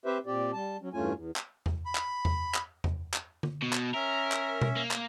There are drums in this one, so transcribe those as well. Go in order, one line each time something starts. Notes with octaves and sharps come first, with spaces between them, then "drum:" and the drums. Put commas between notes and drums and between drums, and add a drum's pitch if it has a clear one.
C4 G4 B4 C5 E5
A#2 C4 G4 D5
G3 A5
F#3 C#4
E2 G2 A3 C#4 F4 G#5
E2
drum: clap
drum: tom E2
B5
drum: clap
drum: tom E2
drum: clap
drum: tom E2
drum: clap
drum: tom
B2
drum: clap
C#4 A#4 E5
drum: clap
drum: tom B2
A#3
drum: clap